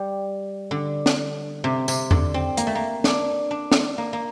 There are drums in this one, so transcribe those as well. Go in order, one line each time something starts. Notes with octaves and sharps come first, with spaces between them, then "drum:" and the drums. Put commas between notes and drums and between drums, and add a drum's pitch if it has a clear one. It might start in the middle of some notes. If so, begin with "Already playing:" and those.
Already playing: G3
D3
drum: snare
C3
C3, drum: tambourine
D3, drum: tom E2
C4
A#3, drum: hi-hat
A3
A#3
D4, drum: snare
D4
drum: snare
A#3
A#3